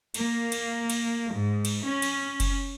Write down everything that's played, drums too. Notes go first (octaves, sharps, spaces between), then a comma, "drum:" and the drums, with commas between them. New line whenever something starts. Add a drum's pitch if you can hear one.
A#3, drum: cymbal
drum: cymbal
drum: cymbal
G#2
drum: cymbal
C#4
drum: cymbal
drum: kick F#1, cymbal